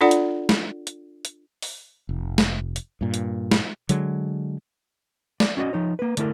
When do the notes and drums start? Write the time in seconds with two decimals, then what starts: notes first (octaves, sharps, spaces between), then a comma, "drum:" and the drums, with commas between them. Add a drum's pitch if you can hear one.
0.01 D4 F4 A4 D5 F#5
0.11 drum: hi-hat
0.49 drum: snare
0.87 drum: hi-hat
1.25 drum: hi-hat
1.62 drum: open hi-hat
2.09 F1
2.38 drum: snare
2.76 drum: hi-hat
3.01 G2 A#2
3.14 drum: hi-hat
3.51 drum: snare
3.89 D3 F#3 G#3, drum: hi-hat
5.40 D5, drum: snare
5.57 C#4 F#4 D5 D#5
5.73 F3 D#4 C#5
5.99 A#3 B4
6.17 D3 A3 E4 A#4, drum: hi-hat